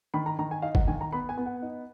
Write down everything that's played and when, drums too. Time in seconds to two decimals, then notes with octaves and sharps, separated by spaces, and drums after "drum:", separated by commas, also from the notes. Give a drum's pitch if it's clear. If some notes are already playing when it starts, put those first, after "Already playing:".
0.14 D#3 B5
0.26 A#5
0.39 D#3 A#5
0.51 G#5
0.62 D#4 F5
0.75 F#5, drum: kick
0.88 D#3 G#5
1.01 A#5
1.12 B3 B5
1.29 G#5
1.37 B3
1.46 F#5
1.62 D#4